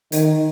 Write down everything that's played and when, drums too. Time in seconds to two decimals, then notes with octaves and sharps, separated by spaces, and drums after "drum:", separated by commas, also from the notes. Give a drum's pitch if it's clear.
0.12 D#3, drum: hi-hat